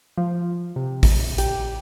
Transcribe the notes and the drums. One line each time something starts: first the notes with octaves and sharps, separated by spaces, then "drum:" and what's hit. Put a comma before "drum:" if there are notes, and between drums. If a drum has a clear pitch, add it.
F3
C3
drum: kick A1, open hi-hat
G4, drum: hi-hat